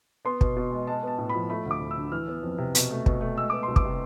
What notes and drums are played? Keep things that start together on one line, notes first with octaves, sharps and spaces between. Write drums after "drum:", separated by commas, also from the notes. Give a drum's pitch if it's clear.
B3 C6
B2, drum: kick
B2
G#3
G#3 A5
B3 A5
A2
B5
F3
A3 B5
D2 D6
D2
E6
D3
E3 F6
B3
F2
C3
B2, drum: hi-hat
A3
B2, drum: kick
A3
G#3 E6
B3 D6
C6
C2
D6, drum: kick
C3